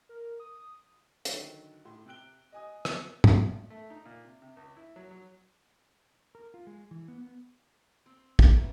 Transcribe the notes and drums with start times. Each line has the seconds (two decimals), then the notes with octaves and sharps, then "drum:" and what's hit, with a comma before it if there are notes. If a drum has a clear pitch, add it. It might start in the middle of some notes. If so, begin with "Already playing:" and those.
0.09 A#4
0.40 D#6
1.25 D3 D#3 F#3, drum: hi-hat
1.85 A2 C6
2.06 C3 G5 F#6 D7 G7
2.52 D#5 G#5 D#6
2.85 drum: rim click
3.24 drum: tom
3.70 A3
3.90 D#4
4.05 A#2
4.25 C3
4.42 C3
4.57 C#2
4.77 E4
4.96 F#3
5.11 F#3
6.35 A#4
6.54 F4
6.67 G#3
6.91 E3
7.08 B3
7.21 B3
8.06 C4
8.39 drum: kick
8.54 B2 A#3 C#4 E5 D6